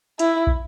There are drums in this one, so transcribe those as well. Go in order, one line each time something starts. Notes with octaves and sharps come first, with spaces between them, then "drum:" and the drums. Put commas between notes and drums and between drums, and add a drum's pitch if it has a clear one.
E4, drum: hi-hat
drum: kick